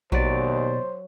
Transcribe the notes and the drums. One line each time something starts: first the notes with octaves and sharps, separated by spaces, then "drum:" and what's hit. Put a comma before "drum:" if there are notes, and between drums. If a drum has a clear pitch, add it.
D#2 B2 F#3 C5 D5, drum: kick A#1